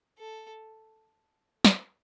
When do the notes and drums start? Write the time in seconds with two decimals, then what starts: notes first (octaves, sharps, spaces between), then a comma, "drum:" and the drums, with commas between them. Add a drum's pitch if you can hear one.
0.18 A4
1.65 drum: snare